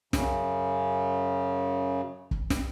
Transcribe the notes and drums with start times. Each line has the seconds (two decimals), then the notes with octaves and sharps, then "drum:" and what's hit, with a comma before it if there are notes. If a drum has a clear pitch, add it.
0.13 F#2 C#3, drum: snare
2.31 drum: kick
2.50 drum: snare